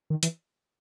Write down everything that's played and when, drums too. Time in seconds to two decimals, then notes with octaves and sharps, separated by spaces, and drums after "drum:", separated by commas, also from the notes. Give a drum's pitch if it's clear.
0.10 D#3
0.23 E3, drum: hi-hat